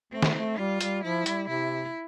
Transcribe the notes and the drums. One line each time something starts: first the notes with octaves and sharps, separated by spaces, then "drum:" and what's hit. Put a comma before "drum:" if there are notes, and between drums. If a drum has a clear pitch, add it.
A3 C4
drum: snare
A3
G3 F4
G3, drum: hi-hat
F3 E4
G3, drum: hi-hat
C3 E4